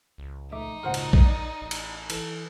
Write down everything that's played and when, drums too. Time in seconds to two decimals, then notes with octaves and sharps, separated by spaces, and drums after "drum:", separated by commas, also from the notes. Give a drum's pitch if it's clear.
0.18 C#2
0.52 A#1 A3 D#4 E5 D6
0.83 G#1 C#2 A#2 F#4 A#4 C5 F#5
0.94 drum: cymbal
1.13 drum: kick A#1
1.26 A#1 D5
1.61 A1
1.71 drum: cymbal
2.10 E3 A4, drum: cymbal